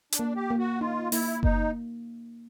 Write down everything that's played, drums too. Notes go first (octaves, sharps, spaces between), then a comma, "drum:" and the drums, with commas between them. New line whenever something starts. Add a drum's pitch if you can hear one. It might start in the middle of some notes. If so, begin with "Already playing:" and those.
D4, drum: hi-hat
A#3
G4
A#3
F#4
D#4 F4
A#3 E4, drum: open hi-hat
A#3 D#4, drum: kick F#1